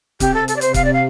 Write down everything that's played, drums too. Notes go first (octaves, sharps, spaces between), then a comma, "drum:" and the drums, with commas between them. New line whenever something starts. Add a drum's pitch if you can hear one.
C3 G4, drum: kick C#1, hi-hat
A4
A4, drum: hi-hat
D5
C5, drum: hi-hat
F5, drum: kick C#1, hi-hat
D5
F5